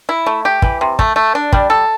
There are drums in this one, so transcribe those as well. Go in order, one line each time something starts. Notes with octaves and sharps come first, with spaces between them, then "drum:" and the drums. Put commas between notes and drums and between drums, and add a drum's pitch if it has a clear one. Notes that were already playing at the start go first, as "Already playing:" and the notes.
E4
A3
G4
E3, drum: kick
C3
A3, drum: kick
A3
D4
G3, drum: kick
A4